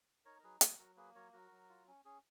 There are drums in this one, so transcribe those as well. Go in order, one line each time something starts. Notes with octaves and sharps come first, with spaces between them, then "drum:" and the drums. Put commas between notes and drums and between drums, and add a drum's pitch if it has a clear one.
D#4 A#4 C#5
A#4
F#3 G#4 B4
F#3 G#4, drum: hi-hat
F#3 F#4 A#4
A#3 G#4 B4
F#3 A#4 C#5
F#3 F#4 A#4
F#3
F4
C#4
C#4 G#4